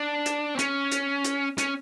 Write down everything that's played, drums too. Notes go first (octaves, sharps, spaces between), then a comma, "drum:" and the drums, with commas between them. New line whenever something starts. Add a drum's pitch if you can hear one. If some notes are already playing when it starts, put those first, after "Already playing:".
Already playing: D4
drum: hi-hat
C4
C#4, drum: hi-hat
drum: hi-hat
drum: hi-hat
C#4, drum: hi-hat